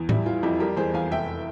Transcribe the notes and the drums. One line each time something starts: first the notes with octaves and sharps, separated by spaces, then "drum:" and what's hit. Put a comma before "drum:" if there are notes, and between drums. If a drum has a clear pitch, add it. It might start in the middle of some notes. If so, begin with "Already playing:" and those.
Already playing: E2
G3 E4, drum: tom A2
E3 F4
F2 E4 G4
G3 G4 A#4
E2 G#4 C5
E2 F5 G#5
F1 E5 G5